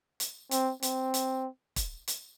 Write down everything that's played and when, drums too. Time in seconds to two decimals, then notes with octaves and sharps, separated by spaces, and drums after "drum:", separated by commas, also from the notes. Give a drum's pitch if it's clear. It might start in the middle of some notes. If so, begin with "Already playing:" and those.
0.20 drum: hi-hat
0.51 C4, drum: hi-hat
0.82 C4, drum: hi-hat
1.14 drum: hi-hat
1.76 drum: kick, hi-hat
2.08 drum: hi-hat